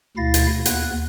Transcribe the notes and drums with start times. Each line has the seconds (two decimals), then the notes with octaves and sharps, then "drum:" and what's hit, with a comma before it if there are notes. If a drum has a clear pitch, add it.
0.17 D2 B2 E4 F5 A6 A#6
0.34 drum: hi-hat
0.65 D#2 B3 F#6, drum: hi-hat